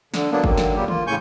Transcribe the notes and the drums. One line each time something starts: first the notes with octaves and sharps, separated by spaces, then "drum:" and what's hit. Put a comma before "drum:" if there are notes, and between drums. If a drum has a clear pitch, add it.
D3, drum: snare
D3 F#3 A#3 B3 D4
D3 D#3 F#3 A#3, drum: kick
drum: snare
A#2 C#3 F#3 G3 G4
A#3 F4, drum: tom D3
A2 C#3 G#5 C#6 G6